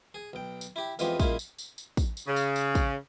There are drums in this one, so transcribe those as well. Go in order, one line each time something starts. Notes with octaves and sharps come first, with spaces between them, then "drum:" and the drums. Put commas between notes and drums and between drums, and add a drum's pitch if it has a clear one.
G#4
B1 G5
drum: tambourine
E4 G4
F2 E3 G#3 B3 F4 G4, drum: tambourine
F#2 A#2 G#3 E4 F4, drum: kick, tambourine
drum: tambourine
drum: tambourine
drum: tambourine
drum: kick, tambourine
drum: tambourine
C#3
drum: tambourine
drum: tambourine
drum: kick, tambourine